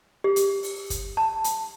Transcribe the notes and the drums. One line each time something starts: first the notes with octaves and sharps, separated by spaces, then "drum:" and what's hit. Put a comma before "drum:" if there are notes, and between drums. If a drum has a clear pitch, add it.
G4
drum: hi-hat
drum: open hi-hat
drum: kick, hi-hat
A5
drum: hi-hat